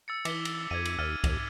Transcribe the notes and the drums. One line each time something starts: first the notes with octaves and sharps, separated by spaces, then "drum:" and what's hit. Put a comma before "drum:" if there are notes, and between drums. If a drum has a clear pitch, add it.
E6 A6 C#7
E3 D6 B6 G7, drum: cymbal
drum: cymbal
F2 G#6 D#7
drum: cymbal
D#2 F6 A6 D#7
D#2, drum: kick C2, cymbal